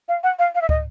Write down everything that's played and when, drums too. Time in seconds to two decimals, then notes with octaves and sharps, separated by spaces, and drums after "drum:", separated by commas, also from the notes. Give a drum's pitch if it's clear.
0.08 F5
0.23 F#5
0.39 F5
0.55 F5
0.61 E5
0.69 D#5, drum: kick